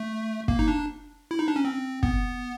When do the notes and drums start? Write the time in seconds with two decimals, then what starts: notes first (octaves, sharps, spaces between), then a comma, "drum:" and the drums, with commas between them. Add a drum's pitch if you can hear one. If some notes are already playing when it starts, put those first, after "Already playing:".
Already playing: A3
0.48 A#3, drum: kick
0.59 D#4
0.68 D4
1.31 E4
1.39 D#4
1.48 D4
1.56 C#4
1.65 C4
2.03 B3, drum: kick